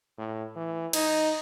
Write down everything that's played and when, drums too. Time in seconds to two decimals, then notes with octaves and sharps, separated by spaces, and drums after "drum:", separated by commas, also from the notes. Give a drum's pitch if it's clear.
0.18 A2
0.56 E3
0.93 D#4, drum: cymbal